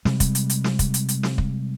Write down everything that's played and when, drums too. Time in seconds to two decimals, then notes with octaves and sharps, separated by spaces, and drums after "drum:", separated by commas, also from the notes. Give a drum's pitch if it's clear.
0.05 C3 G3 G#3, drum: snare
0.20 drum: kick, hi-hat
0.35 drum: hi-hat
0.50 drum: hi-hat
0.64 drum: snare
0.79 drum: kick, hi-hat
0.94 drum: hi-hat
1.09 drum: hi-hat
1.23 drum: snare
1.38 drum: kick